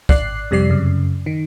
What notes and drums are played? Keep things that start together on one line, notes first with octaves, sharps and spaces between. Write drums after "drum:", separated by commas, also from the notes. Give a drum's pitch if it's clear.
G#1 D5 F#6 C7, drum: kick
F2 C3 G3 D5 C7
F#2 C#3
D#3